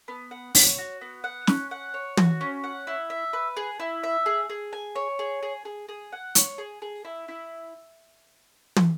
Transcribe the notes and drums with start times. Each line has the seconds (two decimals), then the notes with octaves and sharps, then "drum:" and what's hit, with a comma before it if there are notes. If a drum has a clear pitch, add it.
0.08 B3
0.31 F#5
0.55 C#5, drum: open hi-hat
0.78 F#4
1.01 B3
1.24 F#5
1.47 C#4, drum: snare
1.71 F#5
1.94 C#5
2.17 F#4, drum: tom
2.41 C#4
2.64 F#5
2.87 E4
3.10 E5
3.33 B4
3.57 G#4
3.80 E4
4.03 E5
4.26 G#4
4.50 G#4
4.73 G#5
4.96 C#5
5.19 G#4
5.43 G#4
5.65 G#4
5.89 G#4
6.12 F#5
6.35 C#5, drum: hi-hat
6.58 G#4
6.82 G#4
7.05 E4
7.28 E4
8.76 drum: tom